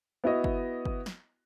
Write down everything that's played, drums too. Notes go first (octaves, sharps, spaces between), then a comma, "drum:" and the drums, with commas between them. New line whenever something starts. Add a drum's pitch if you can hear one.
B3 E4 F#4 D#5
drum: kick G1
drum: kick G1
drum: snare